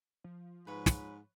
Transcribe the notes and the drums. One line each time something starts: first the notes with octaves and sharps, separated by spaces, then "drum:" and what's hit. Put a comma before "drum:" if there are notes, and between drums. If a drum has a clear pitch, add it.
F3
G#2 B4 C#5
drum: snare